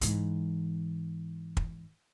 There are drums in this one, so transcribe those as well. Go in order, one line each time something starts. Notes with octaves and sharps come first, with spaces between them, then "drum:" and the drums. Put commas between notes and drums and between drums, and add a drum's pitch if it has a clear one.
G#2 E3, drum: hi-hat
drum: kick